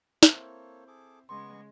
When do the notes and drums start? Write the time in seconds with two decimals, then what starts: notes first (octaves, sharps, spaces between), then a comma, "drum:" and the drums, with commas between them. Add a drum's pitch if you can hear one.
0.23 A#3 C4 E4 A4 C#5, drum: snare
0.88 G#4 A4 D6
1.29 C#3 G#3 B3 C6 C#6